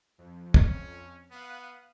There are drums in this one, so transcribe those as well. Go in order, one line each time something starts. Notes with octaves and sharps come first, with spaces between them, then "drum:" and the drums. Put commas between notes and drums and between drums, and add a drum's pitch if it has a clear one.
F2
C#4, drum: kick
B3 F5 F#6 D#7